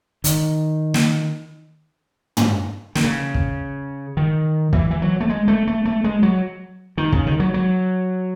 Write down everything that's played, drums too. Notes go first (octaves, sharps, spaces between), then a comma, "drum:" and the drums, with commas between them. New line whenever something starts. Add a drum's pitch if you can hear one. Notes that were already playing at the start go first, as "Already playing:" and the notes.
D#3, drum: hi-hat
drum: snare
drum: tom
D#3, drum: snare
C#3
drum: kick
D#3
E3, drum: kick
E3
F#3
A3
G#3
A3
A3
A3
G#3
F#3
D#3
C#3, drum: kick
D#3
F#3
F#3